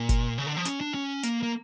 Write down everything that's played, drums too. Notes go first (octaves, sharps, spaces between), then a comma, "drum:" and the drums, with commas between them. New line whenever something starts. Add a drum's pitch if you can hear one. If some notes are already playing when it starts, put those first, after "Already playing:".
Already playing: A#2
drum: kick F#1, hi-hat
C#3
D3
F3
C#4, drum: hi-hat
D4
C#4
A#3, drum: hi-hat
A#3